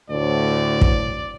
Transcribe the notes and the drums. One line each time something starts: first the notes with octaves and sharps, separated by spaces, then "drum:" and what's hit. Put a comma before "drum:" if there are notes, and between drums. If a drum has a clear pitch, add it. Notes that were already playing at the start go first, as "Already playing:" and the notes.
D2 A2 D5
drum: kick